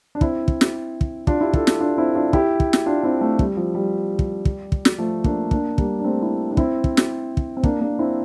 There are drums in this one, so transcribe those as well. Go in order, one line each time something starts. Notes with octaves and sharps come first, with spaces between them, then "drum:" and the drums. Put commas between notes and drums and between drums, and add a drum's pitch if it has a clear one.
D4
C4 E4, drum: kick
drum: kick
drum: snare
drum: kick
D4 F4, drum: kick
E4 G4
F4 A4, drum: kick
drum: snare
D4 F4
C4 E4
D4 F4
E4 G4, drum: kick
drum: kick
drum: snare
D4 F4
C4 E4
A3 C4
G3, drum: kick
F3
G3
drum: kick
drum: kick
drum: kick
drum: snare
F3 A3
A#3 D4, drum: kick
A#3 D4, drum: kick
G3 A#3, drum: kick
D4
A3 C4
C4 E4
D4
C4 E4, drum: kick
drum: kick
drum: snare
drum: kick
C4
A#3 D4, drum: kick
A#3 D4
C4 E4